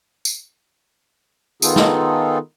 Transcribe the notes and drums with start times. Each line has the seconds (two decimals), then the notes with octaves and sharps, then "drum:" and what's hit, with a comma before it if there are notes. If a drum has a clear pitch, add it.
0.25 drum: tambourine
1.62 D#3 B3 D#4 F4 G#4 A4, drum: tambourine
1.76 drum: snare